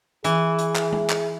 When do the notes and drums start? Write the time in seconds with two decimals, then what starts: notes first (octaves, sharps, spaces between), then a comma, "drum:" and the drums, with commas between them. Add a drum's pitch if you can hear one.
0.24 E3 G#4, drum: hi-hat
0.58 drum: hi-hat
0.76 drum: clap
0.93 drum: tom G#3
1.10 drum: clap